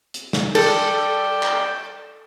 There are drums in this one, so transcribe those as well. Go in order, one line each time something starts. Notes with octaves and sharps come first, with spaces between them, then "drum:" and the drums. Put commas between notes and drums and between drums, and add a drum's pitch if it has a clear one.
drum: hi-hat
drum: snare
A4 D5 G5, drum: cymbal
drum: clap